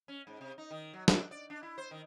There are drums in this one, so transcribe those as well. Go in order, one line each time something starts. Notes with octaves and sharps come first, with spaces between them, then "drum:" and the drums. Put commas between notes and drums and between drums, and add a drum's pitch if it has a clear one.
C#4
G#2
C3
D#4
D#3
F#3
D4, drum: snare
D5
D4
E4
C5
D#3